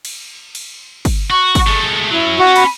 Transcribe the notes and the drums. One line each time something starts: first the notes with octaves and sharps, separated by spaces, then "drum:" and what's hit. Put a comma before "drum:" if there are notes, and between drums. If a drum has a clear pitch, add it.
drum: cymbal
drum: cymbal
drum: kick, cymbal
F#4 C#6
drum: kick, cymbal
G#3 A3
F#3 C#4 E4
C#4 F#4
B5, drum: cymbal